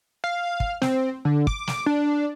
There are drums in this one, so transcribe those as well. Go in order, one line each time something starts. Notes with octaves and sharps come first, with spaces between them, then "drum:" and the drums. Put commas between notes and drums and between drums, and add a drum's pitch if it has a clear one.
F5
drum: kick
C4, drum: snare
D3
D6, drum: kick
drum: snare
D4